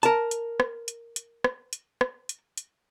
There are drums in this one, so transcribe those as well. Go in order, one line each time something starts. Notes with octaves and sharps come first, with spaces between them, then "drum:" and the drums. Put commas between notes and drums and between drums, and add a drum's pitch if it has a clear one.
A#4 A5, drum: hi-hat
drum: hi-hat
drum: rim click
drum: hi-hat
drum: hi-hat
drum: rim click
drum: hi-hat
drum: rim click
drum: hi-hat
drum: hi-hat